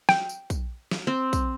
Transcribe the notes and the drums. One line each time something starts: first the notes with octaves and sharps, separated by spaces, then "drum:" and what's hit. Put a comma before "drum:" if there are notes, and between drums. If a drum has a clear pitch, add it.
G5, drum: snare
drum: tambourine
drum: kick, tambourine
drum: snare
C4
drum: kick, tambourine